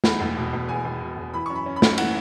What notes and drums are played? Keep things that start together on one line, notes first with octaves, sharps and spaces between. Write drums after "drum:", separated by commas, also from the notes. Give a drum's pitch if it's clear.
E2 B5, drum: snare
E1
B2
E1
E2 G#5
E1
B2
E1
E3 B5
F#2 C#6
B5
C#4
B5
F#2, drum: snare
E3 F#5, drum: cymbal